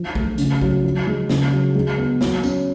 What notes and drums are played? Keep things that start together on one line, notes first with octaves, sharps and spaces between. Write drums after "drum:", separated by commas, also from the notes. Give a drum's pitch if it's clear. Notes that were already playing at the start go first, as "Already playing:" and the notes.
Already playing: F3
A3, drum: kick A#1
C#3, drum: hi-hat
F#3, drum: kick A#1
F3
G#3
C#3, drum: snare
F#3
G#3
B3
F#3, drum: snare
C#4, drum: tambourine